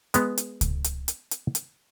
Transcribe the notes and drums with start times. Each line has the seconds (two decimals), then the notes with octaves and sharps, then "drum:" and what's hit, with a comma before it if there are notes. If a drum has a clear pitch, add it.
0.14 G#3 B3, drum: hi-hat
0.38 drum: hi-hat
0.61 drum: kick C#2, hi-hat
0.84 drum: hi-hat
1.08 drum: hi-hat
1.31 drum: hi-hat
1.55 drum: hi-hat